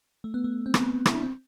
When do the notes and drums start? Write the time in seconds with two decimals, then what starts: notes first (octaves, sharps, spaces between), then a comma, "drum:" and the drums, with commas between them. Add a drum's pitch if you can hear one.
0.24 A3
0.34 B3
0.44 A3
0.66 C4
0.74 B3, drum: rim click
1.06 E4, drum: rim click
1.14 D4
1.23 C4